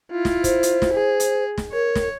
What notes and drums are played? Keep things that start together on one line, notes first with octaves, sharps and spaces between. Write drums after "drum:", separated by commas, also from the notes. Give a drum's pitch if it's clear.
E4 F4
drum: snare
C5, drum: kick, hi-hat
drum: hi-hat
drum: snare
G#4
drum: hi-hat
drum: snare
A#4 C#5
drum: snare